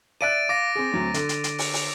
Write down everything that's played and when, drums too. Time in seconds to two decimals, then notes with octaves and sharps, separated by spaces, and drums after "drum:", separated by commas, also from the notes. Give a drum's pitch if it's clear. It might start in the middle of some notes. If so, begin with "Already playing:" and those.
0.21 D5 E5 F#6 A6 D7 D#7
0.49 F5 D6 A#6
0.75 C4 G#4
0.92 D2 F#3 C4
1.14 D3, drum: hi-hat
1.29 drum: hi-hat
1.44 drum: hi-hat
1.59 drum: open hi-hat
1.73 drum: open hi-hat